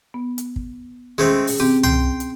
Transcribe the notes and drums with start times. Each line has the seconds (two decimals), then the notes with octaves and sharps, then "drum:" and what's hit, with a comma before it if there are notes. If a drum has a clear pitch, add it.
0.14 B3
0.38 drum: hi-hat
0.56 drum: kick
1.18 G#3 A3 C4 C#4 G#4
1.47 drum: open hi-hat
1.60 C4 G4
1.84 G5 C6, drum: tom
2.20 drum: hi-hat